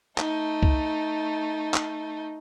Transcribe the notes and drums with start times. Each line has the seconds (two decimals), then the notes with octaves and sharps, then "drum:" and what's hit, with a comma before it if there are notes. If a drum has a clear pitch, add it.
0.18 A3 D#4, drum: clap
0.62 drum: kick C2
1.74 drum: clap